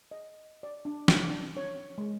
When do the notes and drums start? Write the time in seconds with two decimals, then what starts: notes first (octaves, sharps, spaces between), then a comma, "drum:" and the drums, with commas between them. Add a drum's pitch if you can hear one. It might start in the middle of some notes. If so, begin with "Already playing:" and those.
0.11 D#5
0.63 D5
0.85 D4
1.08 drum: snare
1.25 D4
1.57 C#5
1.98 G#3